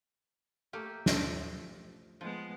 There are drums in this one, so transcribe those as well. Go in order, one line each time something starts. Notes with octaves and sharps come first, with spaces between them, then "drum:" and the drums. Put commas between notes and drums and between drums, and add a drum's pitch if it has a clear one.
A3 A#3 G4
F3 A3, drum: snare
F3 G#3 B3